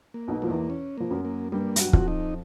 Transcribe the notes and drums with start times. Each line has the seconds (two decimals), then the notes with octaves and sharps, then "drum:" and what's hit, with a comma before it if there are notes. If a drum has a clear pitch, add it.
0.14 A#3
0.28 B1 B2
0.42 F3 A#3
0.49 E2 E3
0.70 C#4
0.98 F3 A#3
1.10 F#2 F#3
1.25 A#3
1.52 G2 G3 A#3
1.76 G3, drum: hi-hat
1.80 F#4
1.85 F#3
1.93 F2 F3, drum: kick
2.08 D#4